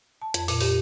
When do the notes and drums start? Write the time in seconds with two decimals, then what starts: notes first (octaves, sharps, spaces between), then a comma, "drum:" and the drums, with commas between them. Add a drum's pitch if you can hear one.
0.22 A5
0.34 F2, drum: hi-hat
0.48 A#2, drum: open hi-hat
0.60 G4, drum: open hi-hat